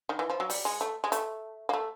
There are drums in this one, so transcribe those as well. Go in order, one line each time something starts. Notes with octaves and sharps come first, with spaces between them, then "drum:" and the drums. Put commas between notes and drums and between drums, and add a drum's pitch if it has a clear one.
D#3
E3
F3
F#3
G3, drum: open hi-hat
G#3
A3
G#3
A3, drum: hi-hat
A#3
A3